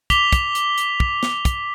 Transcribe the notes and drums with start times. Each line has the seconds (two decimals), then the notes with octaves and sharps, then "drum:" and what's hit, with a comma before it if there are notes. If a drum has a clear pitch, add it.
0.10 D6 B6 F7 G7, drum: kick, hi-hat
0.33 drum: kick, hi-hat
0.55 drum: hi-hat
0.78 drum: hi-hat
1.00 drum: kick
1.23 drum: snare
1.45 drum: kick, hi-hat